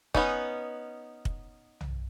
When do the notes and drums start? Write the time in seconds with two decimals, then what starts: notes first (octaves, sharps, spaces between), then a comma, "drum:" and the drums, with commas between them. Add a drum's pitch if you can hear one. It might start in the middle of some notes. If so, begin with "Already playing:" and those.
0.15 B3 C#4 D#4, drum: kick
1.25 drum: kick
1.81 drum: tom